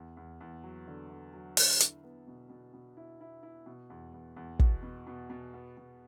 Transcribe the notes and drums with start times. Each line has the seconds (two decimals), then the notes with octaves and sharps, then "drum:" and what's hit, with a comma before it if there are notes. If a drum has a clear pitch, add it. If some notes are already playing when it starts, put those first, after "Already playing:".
Already playing: E2
0.17 E2
0.40 E2
0.64 F#3
0.87 D3
1.10 D3
1.33 F#3
1.57 D3, drum: open hi-hat
1.80 E4, drum: hi-hat
2.04 B3
2.27 B2
2.50 B2
2.74 B2
2.97 E4
3.21 E4
3.43 E4
3.66 B2
3.90 E2
4.14 E2
4.36 E2
4.59 B2, drum: kick
4.83 B2
5.07 B2
5.30 B2
5.54 B3
5.77 B2